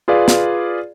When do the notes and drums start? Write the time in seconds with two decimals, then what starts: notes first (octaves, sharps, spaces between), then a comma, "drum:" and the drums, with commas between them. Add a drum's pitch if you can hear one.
0.08 F4 G#4 B4 D5 F5
0.28 drum: snare